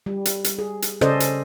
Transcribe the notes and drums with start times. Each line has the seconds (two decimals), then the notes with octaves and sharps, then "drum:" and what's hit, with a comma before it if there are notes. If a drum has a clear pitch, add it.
0.06 G3
0.25 drum: hi-hat
0.44 drum: hi-hat
0.59 G#4
0.82 drum: hi-hat
1.01 C#3 C#4 A4 C5 D5 D#5, drum: rim click
1.20 drum: hi-hat